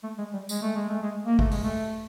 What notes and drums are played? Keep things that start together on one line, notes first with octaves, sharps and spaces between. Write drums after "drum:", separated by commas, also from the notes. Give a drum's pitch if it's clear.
A3
G#3
G3
G#3, drum: tambourine
A3
G#3
A3
G#3
A#3
A3, drum: kick
G#3, drum: open hi-hat
A3